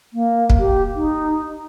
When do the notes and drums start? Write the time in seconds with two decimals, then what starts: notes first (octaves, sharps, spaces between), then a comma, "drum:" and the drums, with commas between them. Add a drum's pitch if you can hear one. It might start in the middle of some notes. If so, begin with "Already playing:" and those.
0.13 A#3
0.50 drum: kick
0.59 G4
0.96 D#4